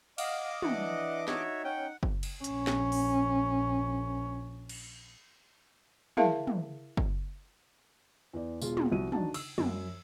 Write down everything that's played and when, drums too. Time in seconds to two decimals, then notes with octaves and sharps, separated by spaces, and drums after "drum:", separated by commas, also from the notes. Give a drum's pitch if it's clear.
0.18 D#5 F5 F#5 D6, drum: cymbal
0.62 E3 D4 E5 F#5, drum: tom
1.28 D#4 F#4 C#5 E5, drum: snare
1.64 C#4 F#5 G5
2.03 drum: kick F#1
2.23 drum: cymbal
2.44 A#1 C#4, drum: hi-hat
2.67 drum: snare
2.92 drum: open hi-hat
4.69 drum: cymbal
6.17 E4 G#4 A#4 E5 F5 A5, drum: tom
6.47 drum: tom
6.97 drum: kick F#1
8.33 E2 D5
8.62 E1 F4 G#4, drum: tambourine
8.77 drum: tom
8.92 C2 F#4 D#7
9.12 D4 D#4 F#4 A5, drum: tom
9.34 E6, drum: cymbal
9.58 F#2, drum: tom